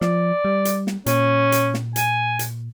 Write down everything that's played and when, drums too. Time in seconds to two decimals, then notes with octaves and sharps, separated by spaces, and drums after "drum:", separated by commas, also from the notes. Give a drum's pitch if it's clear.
0.01 F3 D5, drum: snare
0.45 G3
0.65 drum: hi-hat
0.87 drum: snare
1.06 A#2 C#4, drum: hi-hat
1.52 drum: hi-hat
1.74 drum: snare
1.96 G#5, drum: hi-hat
2.39 drum: hi-hat